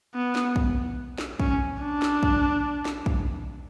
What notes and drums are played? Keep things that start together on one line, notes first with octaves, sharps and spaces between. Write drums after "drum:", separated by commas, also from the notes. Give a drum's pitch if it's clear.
B3
drum: snare
drum: kick
drum: snare
C#4, drum: kick
D4
drum: snare
drum: kick
drum: snare
drum: kick